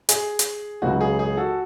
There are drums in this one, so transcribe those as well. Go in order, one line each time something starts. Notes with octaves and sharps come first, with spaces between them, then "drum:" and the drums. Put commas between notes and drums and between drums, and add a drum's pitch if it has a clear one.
G#4, drum: hi-hat
drum: hi-hat
C#2 C#3 F#3 F#4
F#4
G#4
G#4
F#4 A4